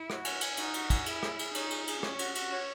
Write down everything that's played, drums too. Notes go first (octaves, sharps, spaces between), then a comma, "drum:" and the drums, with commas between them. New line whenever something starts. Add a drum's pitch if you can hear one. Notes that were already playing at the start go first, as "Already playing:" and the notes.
Already playing: E4
F#4, drum: rim click
G#5, drum: cymbal
G#5, drum: cymbal
D#4 F#4, drum: cymbal
F#4, drum: cymbal
G#5, drum: kick, cymbal
E4 G#4, drum: cymbal
G#4, drum: rim click
G#4, drum: cymbal
D#4 C#5, drum: cymbal
G#4, drum: cymbal
G#4, drum: cymbal
C#4 C#5, drum: rim click
F#4, drum: cymbal
F#4, drum: cymbal
C#5